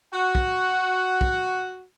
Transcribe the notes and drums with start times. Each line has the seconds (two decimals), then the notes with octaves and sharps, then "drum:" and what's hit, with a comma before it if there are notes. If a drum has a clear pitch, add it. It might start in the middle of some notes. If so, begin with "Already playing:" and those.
0.13 F#4 F#5
0.35 drum: kick
1.21 drum: kick